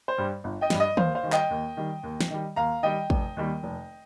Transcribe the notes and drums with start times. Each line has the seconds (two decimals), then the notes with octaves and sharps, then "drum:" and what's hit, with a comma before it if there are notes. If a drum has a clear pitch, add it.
0.08 C5
0.18 G2 G3
0.44 G1
0.61 D#5 G5
0.70 G2 G3, drum: snare
0.80 D#5
0.97 D#2 C5 F5, drum: tom D#3
1.15 C5 F5
1.23 D#3 G3
1.32 D#5 G5, drum: clap
1.50 D#2
1.77 D#3 G3
2.03 D#2
2.21 drum: snare
2.30 D#3 G3
2.56 D#2 F5 A#5
2.83 D#3 G3 D#5 G5
3.10 F1, drum: kick
3.37 D#2 D#3 G3
3.63 F1